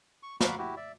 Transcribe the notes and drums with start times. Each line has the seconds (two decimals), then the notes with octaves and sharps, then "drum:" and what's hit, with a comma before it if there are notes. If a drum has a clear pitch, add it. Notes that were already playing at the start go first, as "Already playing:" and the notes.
0.23 C#6
0.40 F5 F#5 A#5 B5 C#6 D6, drum: snare
0.58 E4 F#4 G4
0.77 D5 E5